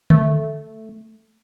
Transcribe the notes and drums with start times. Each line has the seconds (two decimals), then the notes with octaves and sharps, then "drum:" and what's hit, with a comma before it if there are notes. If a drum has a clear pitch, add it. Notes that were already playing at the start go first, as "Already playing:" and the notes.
0.10 A3, drum: tom D3